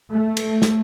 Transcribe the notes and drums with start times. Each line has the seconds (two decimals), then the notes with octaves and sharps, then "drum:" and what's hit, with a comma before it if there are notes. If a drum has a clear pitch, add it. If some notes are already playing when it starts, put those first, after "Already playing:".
0.12 A3
0.37 drum: cymbal
0.62 drum: snare